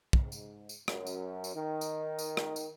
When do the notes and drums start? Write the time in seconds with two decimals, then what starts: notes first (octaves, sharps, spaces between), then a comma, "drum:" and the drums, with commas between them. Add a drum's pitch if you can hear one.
0.13 drum: kick
0.23 G#2
0.32 drum: tambourine
0.69 drum: tambourine
0.88 F#2, drum: rim click
1.07 drum: tambourine
1.44 drum: tambourine
1.54 D#3
1.81 drum: tambourine
2.19 drum: tambourine
2.37 drum: rim click
2.56 drum: tambourine